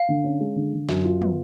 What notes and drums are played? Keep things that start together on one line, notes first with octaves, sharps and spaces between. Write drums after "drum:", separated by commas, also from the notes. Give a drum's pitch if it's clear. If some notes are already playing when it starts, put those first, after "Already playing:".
Already playing: F5
D3
C#4
G#3
D3
D3
F#2, drum: snare
F4
B3, drum: tom